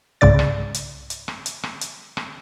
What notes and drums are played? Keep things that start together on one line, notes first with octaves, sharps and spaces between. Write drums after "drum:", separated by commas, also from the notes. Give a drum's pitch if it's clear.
C2 G#2 C#3 D5 A6
drum: rim click
drum: hi-hat
drum: hi-hat
drum: rim click
drum: hi-hat
drum: rim click
drum: hi-hat
drum: rim click